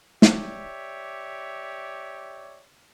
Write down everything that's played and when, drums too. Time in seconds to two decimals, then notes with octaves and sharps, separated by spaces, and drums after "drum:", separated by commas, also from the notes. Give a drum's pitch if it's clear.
0.22 G4 C#5 D5 E5, drum: snare